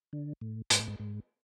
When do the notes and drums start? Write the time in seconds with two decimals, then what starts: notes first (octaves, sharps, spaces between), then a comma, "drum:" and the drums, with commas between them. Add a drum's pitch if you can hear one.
0.13 D3
0.41 A2
0.70 G#2, drum: hi-hat
0.79 A2
0.88 G#2
1.00 G#2